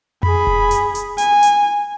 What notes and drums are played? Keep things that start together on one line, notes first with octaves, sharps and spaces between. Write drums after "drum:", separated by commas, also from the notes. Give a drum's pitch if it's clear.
G#4 B5, drum: tom F2
drum: kick E1
drum: hi-hat
drum: hi-hat
G#5, drum: hi-hat
drum: hi-hat